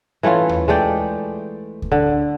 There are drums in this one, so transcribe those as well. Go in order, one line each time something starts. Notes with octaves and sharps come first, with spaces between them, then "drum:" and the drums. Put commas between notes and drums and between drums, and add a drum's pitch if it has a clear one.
E3 A3 C#4 F4
drum: tom D#2
G#3 A3 D5 G5
drum: kick D2
D3